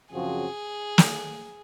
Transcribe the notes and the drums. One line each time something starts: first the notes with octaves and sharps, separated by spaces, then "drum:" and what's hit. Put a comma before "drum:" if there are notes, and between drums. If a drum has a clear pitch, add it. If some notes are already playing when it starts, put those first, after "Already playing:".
F#2 C#3 F3 C4 F#4 G#4
drum: snare